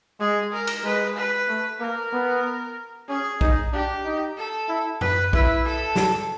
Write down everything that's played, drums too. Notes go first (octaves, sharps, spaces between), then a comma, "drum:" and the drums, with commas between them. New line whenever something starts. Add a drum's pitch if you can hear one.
G#3 G#4
A#4
drum: cymbal
G#3 B4
B4
A3
A#3 A#4
B3
C#4 G#4
D#4, drum: kick B1
D4 G4
D#4
A4
E4
B4, drum: tom F#2
E4 B4, drum: kick B1
A4
drum: snare